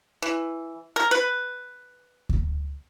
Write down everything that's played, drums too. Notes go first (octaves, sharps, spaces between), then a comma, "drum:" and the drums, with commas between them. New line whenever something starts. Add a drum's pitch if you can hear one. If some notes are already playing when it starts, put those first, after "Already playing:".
E3
A#4
B4
drum: kick D2